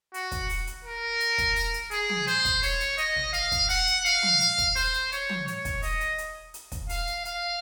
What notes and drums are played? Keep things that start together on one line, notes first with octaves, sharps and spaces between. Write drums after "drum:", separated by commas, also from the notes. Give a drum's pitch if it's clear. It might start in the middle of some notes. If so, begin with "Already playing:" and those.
F#4, drum: hi-hat
drum: kick, hi-hat
drum: open hi-hat
drum: hi-hat
A#4
drum: hi-hat
drum: kick, hi-hat
drum: open hi-hat
drum: hi-hat
G#4, drum: hi-hat
drum: tom
C5, drum: hi-hat
drum: kick, hi-hat
C#5, drum: open hi-hat
drum: hi-hat
D#5, drum: hi-hat
drum: tom
F5, drum: hi-hat
drum: kick, hi-hat
F#5, drum: open hi-hat
drum: hi-hat
F5, drum: hi-hat
drum: tom
drum: hi-hat
drum: kick, hi-hat
C5, drum: open hi-hat
drum: hi-hat
C#5, drum: hi-hat
drum: tom
C#5, drum: hi-hat
drum: kick, hi-hat
D#5, drum: open hi-hat
drum: hi-hat
drum: hi-hat
drum: hi-hat
drum: kick, hi-hat
F5, drum: open hi-hat
drum: hi-hat
F5, drum: hi-hat